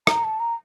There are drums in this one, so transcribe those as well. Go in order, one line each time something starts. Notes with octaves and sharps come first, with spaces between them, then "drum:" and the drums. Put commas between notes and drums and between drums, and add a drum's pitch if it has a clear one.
A#5, drum: rim click
A5
A#5